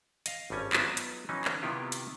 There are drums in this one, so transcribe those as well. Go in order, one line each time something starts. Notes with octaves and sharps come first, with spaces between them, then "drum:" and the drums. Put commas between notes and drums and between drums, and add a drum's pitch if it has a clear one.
D#5 F5, drum: hi-hat
G#1 G2 G3 C#4 G#5
F#3 B3 D#4 F4 B4 E5, drum: clap
drum: hi-hat
E3 F#3 C#4 D#4
drum: clap
C3 D#3 B3 E4 F4 G4
drum: hi-hat